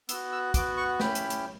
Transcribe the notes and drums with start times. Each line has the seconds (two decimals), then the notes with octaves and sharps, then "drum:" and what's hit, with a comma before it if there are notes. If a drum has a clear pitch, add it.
0.09 B3 F#4 E6, drum: hi-hat
0.32 E6
0.54 B3 F#4 D6, drum: kick, hi-hat
0.77 C#6
1.00 C#4 E4 G4 B5, drum: snare
1.15 drum: hi-hat
1.30 drum: hi-hat